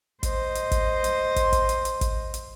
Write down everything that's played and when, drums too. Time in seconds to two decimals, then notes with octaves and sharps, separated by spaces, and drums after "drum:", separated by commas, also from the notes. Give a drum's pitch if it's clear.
0.23 C5 D#5, drum: kick, hi-hat
0.55 drum: hi-hat
0.72 drum: kick, hi-hat
1.04 drum: hi-hat
1.36 drum: kick, hi-hat
1.53 drum: kick, hi-hat
1.69 drum: hi-hat
1.85 drum: hi-hat
2.01 drum: kick, hi-hat
2.34 drum: hi-hat